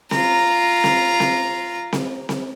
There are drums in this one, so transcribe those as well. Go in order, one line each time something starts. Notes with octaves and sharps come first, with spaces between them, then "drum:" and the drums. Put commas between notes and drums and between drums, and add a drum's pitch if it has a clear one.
F4 A#5, drum: snare C4
drum: snare C4
drum: snare C4
drum: snare C4
drum: snare C4